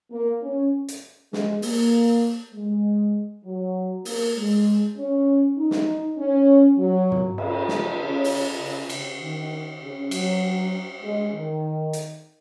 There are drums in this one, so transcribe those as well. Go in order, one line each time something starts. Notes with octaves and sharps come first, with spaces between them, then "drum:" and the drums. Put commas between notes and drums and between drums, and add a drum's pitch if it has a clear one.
A#3
C#4
drum: hi-hat
G#3, drum: snare
A#3, drum: open hi-hat
G#3
F#3
A#3, drum: open hi-hat
G#3
C#4
D#4
drum: snare
C#4
F#3
drum: tom
C#3, drum: cymbal
C#3, drum: snare
C#3
drum: open hi-hat
C#3
C#3, drum: cymbal
D#3
C#3
F#3, drum: cymbal
G#3
D#3
drum: hi-hat